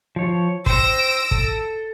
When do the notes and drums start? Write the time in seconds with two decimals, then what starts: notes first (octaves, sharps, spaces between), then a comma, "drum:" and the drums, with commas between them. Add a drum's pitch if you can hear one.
0.16 F3 C#5
0.66 C5 G5 E6 A#6 D7, drum: kick
1.31 A4, drum: kick